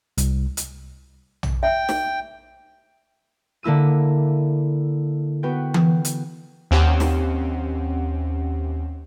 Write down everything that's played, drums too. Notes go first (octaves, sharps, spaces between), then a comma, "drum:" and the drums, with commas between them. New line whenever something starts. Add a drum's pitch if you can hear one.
C2, drum: hi-hat
drum: hi-hat
drum: tom
E5 G5
drum: snare
D3 A#3 E4 E6 D#7
B3 F#4 B4 G5
drum: tom E3
drum: hi-hat
D#2 C4 C#4 G4 F#5
drum: snare